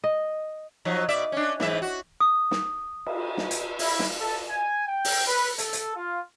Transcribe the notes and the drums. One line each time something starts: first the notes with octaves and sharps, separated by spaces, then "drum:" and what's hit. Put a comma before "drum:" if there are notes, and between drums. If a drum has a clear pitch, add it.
D#5
F3 F#3 D#4
B2 D5 E5
C#4 D4
G#2 E3 E5, drum: snare
F#4
D#6
drum: snare
drum: cymbal
drum: snare
drum: hi-hat
E4, drum: open hi-hat
drum: snare
A4
G#5
G5
drum: open hi-hat
B4
A4, drum: hi-hat
drum: hi-hat
F4